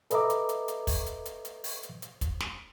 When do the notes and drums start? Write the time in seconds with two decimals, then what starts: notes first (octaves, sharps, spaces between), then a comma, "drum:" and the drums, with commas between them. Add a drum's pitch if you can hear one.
0.11 A4 B4 D#5 E5 A#5 D6, drum: hi-hat
0.30 drum: hi-hat
0.49 drum: hi-hat
0.68 drum: hi-hat
0.87 drum: kick, open hi-hat
1.06 drum: hi-hat
1.25 drum: hi-hat
1.45 drum: hi-hat
1.64 drum: open hi-hat
1.83 drum: hi-hat
2.02 drum: hi-hat
2.21 drum: kick, hi-hat
2.40 drum: snare